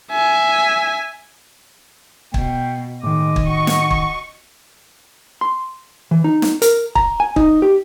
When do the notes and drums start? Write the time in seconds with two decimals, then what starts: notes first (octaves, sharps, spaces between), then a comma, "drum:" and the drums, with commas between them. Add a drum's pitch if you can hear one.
0.11 E5 G#5
2.34 B2 G5, drum: kick
3.03 A2 D#3 G#3 D#5 D6
3.36 drum: kick
3.47 F#4 F#5 G5 C#6
3.67 drum: snare
3.91 drum: kick
5.41 C6
6.11 E3
6.24 D#4
6.42 drum: snare
6.62 A#4, drum: hi-hat
6.95 A#5, drum: kick
7.20 G#5
7.36 D#4, drum: kick
7.62 G4